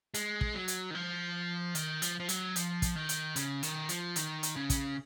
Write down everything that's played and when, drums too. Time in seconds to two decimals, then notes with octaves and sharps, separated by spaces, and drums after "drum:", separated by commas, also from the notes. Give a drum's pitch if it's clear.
0.14 G#3, drum: hi-hat
0.41 drum: kick
0.55 F#3
0.68 drum: hi-hat
0.91 D#3
0.95 F3
1.75 D#3, drum: hi-hat
2.02 F3, drum: hi-hat
2.20 F3
2.29 F#3, drum: hi-hat
2.56 F3, drum: hi-hat
2.82 drum: kick, hi-hat
2.96 D#3
3.09 drum: hi-hat
3.36 C#3, drum: hi-hat
3.63 D#3, drum: hi-hat
3.89 F3, drum: hi-hat
4.16 D#3, drum: hi-hat
4.43 drum: hi-hat
4.56 C#3
4.70 drum: kick, hi-hat